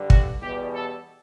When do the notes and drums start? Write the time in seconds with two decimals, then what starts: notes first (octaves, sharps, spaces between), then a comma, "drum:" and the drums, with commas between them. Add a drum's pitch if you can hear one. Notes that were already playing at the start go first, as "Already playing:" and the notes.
Already playing: G2 D3 G3
0.10 F#4, drum: kick
0.42 E2 B2 G3 G4
0.75 A4